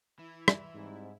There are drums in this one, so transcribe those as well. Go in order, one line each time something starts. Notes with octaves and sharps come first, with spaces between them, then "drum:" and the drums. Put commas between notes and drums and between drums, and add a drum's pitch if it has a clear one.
E3 E4
drum: rim click
G#2 G3 C4